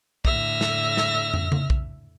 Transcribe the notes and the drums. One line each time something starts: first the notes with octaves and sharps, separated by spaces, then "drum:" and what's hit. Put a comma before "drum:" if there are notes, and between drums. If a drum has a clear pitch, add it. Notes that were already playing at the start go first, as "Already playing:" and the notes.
A2 D3 E5 F6 A#6, drum: kick B1
drum: snare
drum: snare
drum: tom
drum: tom C#3
drum: kick B1